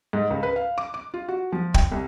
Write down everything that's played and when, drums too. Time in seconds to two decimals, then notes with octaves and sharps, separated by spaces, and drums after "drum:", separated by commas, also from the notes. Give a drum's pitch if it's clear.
0.13 G#2
0.30 C#2
0.43 B4
0.56 F5
0.78 D6
0.94 D6
1.14 F4
1.28 F#4
1.52 F3
1.74 G5, drum: kick
1.92 C2